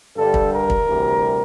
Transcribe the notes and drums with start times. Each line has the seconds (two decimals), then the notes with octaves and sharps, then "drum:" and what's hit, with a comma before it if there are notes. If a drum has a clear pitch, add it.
0.15 G2 D3 G3 A4
0.34 drum: kick
0.52 A#4
0.70 drum: kick
0.87 D2 C3 E3 G3